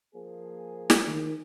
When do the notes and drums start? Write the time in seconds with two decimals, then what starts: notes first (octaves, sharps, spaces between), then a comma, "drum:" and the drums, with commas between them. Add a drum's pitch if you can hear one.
0.15 F3 A#3 G#4
0.90 drum: snare
1.08 D#3